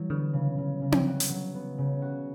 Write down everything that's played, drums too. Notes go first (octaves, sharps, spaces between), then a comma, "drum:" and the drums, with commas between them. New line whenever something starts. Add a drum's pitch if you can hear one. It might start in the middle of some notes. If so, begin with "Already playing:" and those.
Already playing: E3 F#3 G3
D3 B3
C#3
C#3
C#3
drum: tom C4
F#4
drum: hi-hat
F#3
B3
C#3
F#4